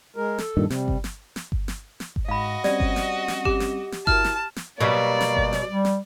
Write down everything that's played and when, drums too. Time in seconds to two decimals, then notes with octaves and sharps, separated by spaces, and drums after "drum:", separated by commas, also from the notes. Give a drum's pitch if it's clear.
0.16 G#3 A#4
0.38 A4, drum: snare
0.57 G2 A#2 D#3
0.70 C3 G3, drum: snare
0.88 drum: kick G1
1.04 drum: snare
1.36 drum: snare
1.52 drum: kick G1
1.68 drum: snare
2.00 drum: snare
2.16 drum: kick G1
2.28 G#2 F#4 D#5 F5 B5
2.64 G3 C4 C#4 D5, drum: snare
2.80 drum: kick G1
2.96 drum: snare
3.28 drum: snare
3.45 G4, drum: kick G1
3.60 drum: snare
3.92 drum: snare
4.07 E4 F#4 A#4 A5 F6, drum: kick G1
4.24 drum: snare
4.56 drum: snare
4.81 B2 F#3 G3 A#3 D5
5.21 drum: snare
5.37 drum: kick G1
5.53 drum: snare
5.68 G3
5.85 drum: snare